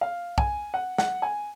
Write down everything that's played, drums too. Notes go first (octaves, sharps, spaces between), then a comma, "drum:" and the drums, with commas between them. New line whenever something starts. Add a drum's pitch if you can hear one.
F5
G#5, drum: kick
F#5
F#5, drum: snare
G#5